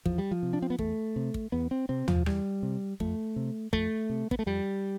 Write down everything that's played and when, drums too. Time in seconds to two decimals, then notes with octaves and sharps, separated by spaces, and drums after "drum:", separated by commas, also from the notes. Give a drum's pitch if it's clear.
0.06 E2 F3, drum: kick
0.18 G3
0.31 F3
0.43 C3
0.53 D4
0.62 C4
0.70 B3
0.79 E2 A3, drum: kick
1.16 C3
1.34 drum: kick
1.52 E2 B3
1.71 C4
1.89 C3 C4
2.08 F3, drum: tom
2.26 E2 G3, drum: rim click
2.63 C3
3.00 F2 A3, drum: kick
3.36 C3
3.73 F2 A3, drum: kick
4.10 C3
4.31 B3, drum: kick
4.39 A3
4.46 F2 G3